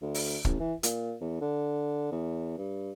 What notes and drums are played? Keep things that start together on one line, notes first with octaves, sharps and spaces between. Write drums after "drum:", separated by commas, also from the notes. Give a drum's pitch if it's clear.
D2
drum: open hi-hat
A1, drum: kick
E3
A#2, drum: hi-hat
E2
D3
E2
G2